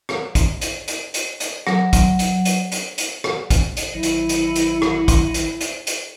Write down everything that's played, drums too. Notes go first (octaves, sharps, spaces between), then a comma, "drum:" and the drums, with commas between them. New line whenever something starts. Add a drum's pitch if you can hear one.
drum: rim click
drum: kick, hi-hat
drum: hi-hat
drum: hi-hat
drum: hi-hat
drum: hi-hat
F#3, drum: rim click
drum: kick, hi-hat
drum: hi-hat
drum: hi-hat
drum: hi-hat
drum: hi-hat
drum: rim click
drum: kick, hi-hat
drum: hi-hat
A1 D#3 F#3 E4
drum: hi-hat
drum: hi-hat
drum: hi-hat
drum: rim click
drum: kick, hi-hat
drum: hi-hat
drum: hi-hat
drum: hi-hat